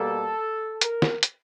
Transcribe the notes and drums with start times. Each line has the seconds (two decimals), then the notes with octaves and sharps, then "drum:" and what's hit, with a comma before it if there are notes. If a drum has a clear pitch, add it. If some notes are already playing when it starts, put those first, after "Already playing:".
Already playing: B2 G3 A#3 A4
0.81 A#4, drum: hi-hat
1.02 drum: snare
1.23 drum: hi-hat